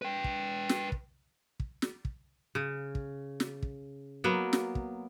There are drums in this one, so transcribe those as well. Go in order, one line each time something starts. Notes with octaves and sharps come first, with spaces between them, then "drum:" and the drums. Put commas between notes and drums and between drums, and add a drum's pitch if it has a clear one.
B4 G5
drum: kick
drum: snare
drum: kick
drum: kick
drum: snare
drum: kick
C#3
drum: kick
drum: snare
drum: kick
F#3 A#3 B3
drum: snare
drum: kick